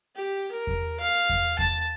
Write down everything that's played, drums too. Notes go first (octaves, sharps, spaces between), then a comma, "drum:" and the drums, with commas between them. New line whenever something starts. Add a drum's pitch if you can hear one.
G4
A#4
drum: kick E2
F5
drum: kick E2
A5, drum: kick E2